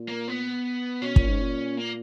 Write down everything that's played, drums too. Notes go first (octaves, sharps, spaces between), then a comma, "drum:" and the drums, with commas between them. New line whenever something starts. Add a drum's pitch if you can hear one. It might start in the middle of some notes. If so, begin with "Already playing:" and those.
Already playing: A#2
A#3
B3
B2 C#4
A#2, drum: kick
G#2
A#2
A#3